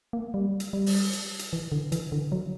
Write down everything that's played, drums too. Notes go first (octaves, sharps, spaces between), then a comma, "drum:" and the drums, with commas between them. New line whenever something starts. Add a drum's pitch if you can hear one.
A#3
G3
drum: hi-hat
G3
drum: open hi-hat
drum: hi-hat
drum: hi-hat
E3
D3
E3, drum: hi-hat
D3
F#3